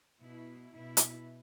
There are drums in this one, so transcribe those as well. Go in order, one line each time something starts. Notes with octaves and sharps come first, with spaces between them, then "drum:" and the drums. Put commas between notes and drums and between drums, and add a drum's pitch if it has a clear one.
B2 E4
B2 E4
drum: hi-hat